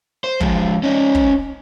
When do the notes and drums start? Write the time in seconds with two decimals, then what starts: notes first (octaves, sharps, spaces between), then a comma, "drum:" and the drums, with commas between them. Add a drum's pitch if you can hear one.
0.24 C5
0.40 F3 G#3, drum: kick
0.83 C#4 D#4
1.15 drum: kick